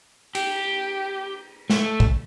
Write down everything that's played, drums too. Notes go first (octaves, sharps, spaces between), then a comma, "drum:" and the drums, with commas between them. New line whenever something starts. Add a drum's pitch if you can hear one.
G4, drum: cymbal
A3, drum: snare
drum: kick